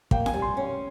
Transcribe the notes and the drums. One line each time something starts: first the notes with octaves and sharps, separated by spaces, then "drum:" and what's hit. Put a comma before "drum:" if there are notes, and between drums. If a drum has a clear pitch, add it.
A#3 G5, drum: kick
G#5, drum: snare F4
G3
C6
C#4